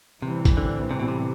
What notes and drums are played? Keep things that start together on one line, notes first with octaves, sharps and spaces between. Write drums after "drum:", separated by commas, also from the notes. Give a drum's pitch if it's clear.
A2 C3 E3 G3 C4
drum: kick, hi-hat
D3
C3
B2
C3